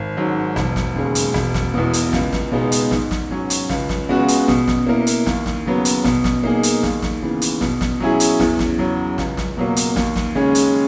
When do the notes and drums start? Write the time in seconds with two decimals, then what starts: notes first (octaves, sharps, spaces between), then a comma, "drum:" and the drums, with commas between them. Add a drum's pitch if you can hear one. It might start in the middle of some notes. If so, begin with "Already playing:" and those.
Already playing: G#1
0.17 G#2 F#3
0.56 E1, drum: snare
0.76 drum: snare
0.96 D#2 C#3 G#3
1.15 drum: hi-hat
1.34 E1, drum: snare
1.54 drum: snare
1.74 E2 B2
1.93 drum: hi-hat
2.13 C#2, drum: snare
2.33 drum: snare
2.52 B2 G#3 B3 D#4
2.72 drum: hi-hat
2.91 G#2, drum: snare
3.11 drum: snare
3.31 F#3 C#4
3.50 drum: hi-hat
3.69 C#2, drum: snare
3.89 drum: snare
4.09 C#3 G#3 B3 F#4
4.28 drum: hi-hat
4.48 B2, drum: snare
4.68 drum: snare
4.87 A#3 E4 A#4
5.07 drum: hi-hat
5.26 D#2, drum: snare
5.46 drum: snare
5.65 C#3 F#3 B3
5.85 drum: hi-hat
6.04 B2, drum: snare
6.24 drum: snare
6.44 A#3 D#4 G#4
6.63 drum: hi-hat
6.83 D#2, drum: snare
7.02 drum: snare
7.22 C#3 E3 B3
7.42 drum: hi-hat
7.61 B2, drum: snare
7.81 drum: snare
8.00 F#3 C#4 E4 G#4
8.20 drum: hi-hat
8.40 E2, drum: snare
8.59 drum: snare
8.79 C#3 F#3
9.18 C#2, drum: snare
9.37 drum: snare
9.57 B2 F#3 A#3
9.76 drum: hi-hat
9.96 D#2, drum: snare
10.16 drum: snare
10.35 C#3 G#3 C#4
10.55 drum: hi-hat